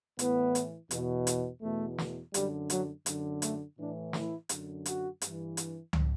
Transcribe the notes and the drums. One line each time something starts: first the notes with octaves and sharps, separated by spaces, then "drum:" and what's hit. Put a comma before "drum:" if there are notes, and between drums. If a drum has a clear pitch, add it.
A2 E3 B3, drum: hi-hat
drum: hi-hat
E2 B2, drum: hi-hat
drum: hi-hat
E2 B2 A3
drum: snare
F#2 D3 G3, drum: hi-hat
F#3, drum: hi-hat
F#2 D3, drum: hi-hat
A3, drum: hi-hat
A2 E3 D4
E4, drum: snare
F#2 D3, drum: hi-hat
F#4, drum: hi-hat
G2 E3, drum: hi-hat
drum: hi-hat
drum: tom C#2